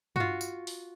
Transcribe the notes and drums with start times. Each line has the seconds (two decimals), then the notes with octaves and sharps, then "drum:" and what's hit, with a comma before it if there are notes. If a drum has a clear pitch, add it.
0.16 F4 F#4, drum: tom G2
0.41 drum: tambourine
0.67 drum: open hi-hat